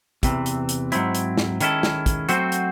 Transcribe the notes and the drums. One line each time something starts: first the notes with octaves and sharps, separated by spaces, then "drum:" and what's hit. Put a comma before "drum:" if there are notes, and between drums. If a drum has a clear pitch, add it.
E2 C3 E3, drum: kick, hi-hat
drum: hi-hat
drum: hi-hat
G#2 F#3 C4 E4, drum: hi-hat
drum: hi-hat
drum: snare
D#3 G#3 C#4 E4 A4, drum: hi-hat
drum: snare
drum: kick, hi-hat
F#3 A3 C4 F#4 C5, drum: hi-hat
drum: hi-hat